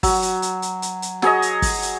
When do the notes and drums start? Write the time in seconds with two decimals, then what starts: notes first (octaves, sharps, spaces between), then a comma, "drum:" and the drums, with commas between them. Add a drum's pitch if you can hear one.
0.03 F#3, drum: kick, open hi-hat
0.22 drum: hi-hat
0.42 drum: hi-hat
0.62 drum: hi-hat
0.82 drum: hi-hat
1.02 drum: hi-hat
1.22 F#3 G#4 C#5 D#5, drum: snare
1.42 drum: hi-hat
1.62 drum: kick, open hi-hat
1.82 drum: hi-hat